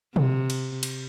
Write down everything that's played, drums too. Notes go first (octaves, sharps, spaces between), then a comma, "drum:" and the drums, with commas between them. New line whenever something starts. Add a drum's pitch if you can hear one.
C3, drum: tom
drum: cymbal
drum: cymbal